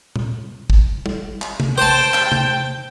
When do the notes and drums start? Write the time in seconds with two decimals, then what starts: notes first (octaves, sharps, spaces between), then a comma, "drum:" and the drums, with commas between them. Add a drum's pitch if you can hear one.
0.16 drum: tom
0.70 drum: kick
1.06 drum: tom
1.42 drum: clap
1.60 drum: tom
1.78 C5 G5 A5
2.14 drum: clap
2.32 drum: tom